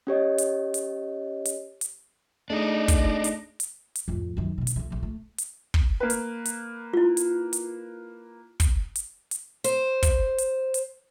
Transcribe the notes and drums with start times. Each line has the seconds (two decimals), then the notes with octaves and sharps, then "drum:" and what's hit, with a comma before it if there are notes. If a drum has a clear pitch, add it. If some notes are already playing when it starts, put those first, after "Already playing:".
0.07 C#4 G4 C#5 D#5
0.38 drum: hi-hat
0.74 drum: hi-hat
1.45 drum: hi-hat
1.81 drum: hi-hat
2.50 A3 D4 D#4 G#4 D#5
2.88 drum: kick, hi-hat
3.24 drum: hi-hat
3.60 drum: hi-hat
3.95 drum: hi-hat
4.08 F2 A2
4.37 F#2 D#3
4.58 B2 D3
4.67 drum: hi-hat
4.76 F#3 A3
4.90 A#1 A3
5.03 A3
5.38 drum: hi-hat
5.74 drum: kick
6.00 A#3 B4
6.10 drum: hi-hat
6.45 drum: hi-hat
6.93 E4 F4
7.17 drum: hi-hat
7.53 drum: hi-hat
8.60 drum: kick, hi-hat
8.95 drum: hi-hat
9.31 drum: hi-hat
9.64 C5, drum: hi-hat
10.03 drum: kick, hi-hat
10.38 drum: hi-hat
10.74 drum: hi-hat